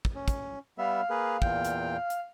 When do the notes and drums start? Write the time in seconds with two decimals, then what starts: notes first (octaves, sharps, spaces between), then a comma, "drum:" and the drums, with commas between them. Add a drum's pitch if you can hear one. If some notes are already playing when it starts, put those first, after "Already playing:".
0.05 drum: kick
0.15 C#4
0.28 drum: kick, hi-hat
0.78 G3 B3 E5 F5
1.10 A#3 G#4 B4
1.42 E2 A#2 G5, drum: kick
1.65 drum: hi-hat
2.10 drum: hi-hat